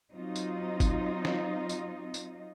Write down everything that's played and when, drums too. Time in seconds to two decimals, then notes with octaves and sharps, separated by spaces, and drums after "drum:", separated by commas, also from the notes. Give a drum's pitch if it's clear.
0.13 F#3 C4 D#4 F4 D#5
0.36 drum: tambourine
0.80 drum: kick, tambourine
1.25 drum: snare
1.69 drum: tambourine
2.14 drum: tambourine